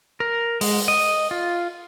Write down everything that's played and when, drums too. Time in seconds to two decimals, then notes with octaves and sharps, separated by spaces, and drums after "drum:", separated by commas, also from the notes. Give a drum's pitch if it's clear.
0.20 A#4
0.61 G#3, drum: open hi-hat
0.88 D#5
1.31 F4